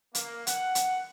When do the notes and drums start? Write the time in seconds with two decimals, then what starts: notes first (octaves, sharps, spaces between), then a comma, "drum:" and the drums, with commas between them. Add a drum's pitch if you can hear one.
0.15 A#3, drum: hi-hat
0.47 F#5, drum: hi-hat
0.75 drum: hi-hat